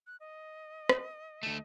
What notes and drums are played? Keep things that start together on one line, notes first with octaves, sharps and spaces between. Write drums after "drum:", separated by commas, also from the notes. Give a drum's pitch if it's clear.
F#6
D#5
drum: rim click
D2 A3